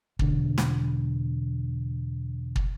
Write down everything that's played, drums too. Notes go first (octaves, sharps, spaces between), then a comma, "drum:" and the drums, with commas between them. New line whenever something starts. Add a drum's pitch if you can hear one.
E1 D3, drum: kick
drum: snare
drum: kick